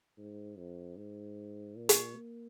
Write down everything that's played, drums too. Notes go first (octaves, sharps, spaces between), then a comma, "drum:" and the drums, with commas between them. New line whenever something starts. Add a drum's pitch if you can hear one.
G#2
F2
G#2
A#2
drum: hi-hat
A#3